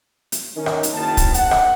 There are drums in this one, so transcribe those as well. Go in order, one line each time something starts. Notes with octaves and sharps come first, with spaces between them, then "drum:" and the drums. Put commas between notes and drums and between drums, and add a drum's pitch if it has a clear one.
drum: hi-hat
D#3 C#4 D#4
drum: rim click
drum: hi-hat
F#1 D#3 A5
drum: kick, hi-hat
B1 F#5, drum: hi-hat
drum: rim click